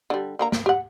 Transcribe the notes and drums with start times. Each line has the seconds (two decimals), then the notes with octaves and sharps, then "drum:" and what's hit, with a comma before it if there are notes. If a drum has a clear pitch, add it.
0.10 D3 G3
0.39 D3 A#3 A#5
0.52 A#4, drum: snare
0.66 G4 F#5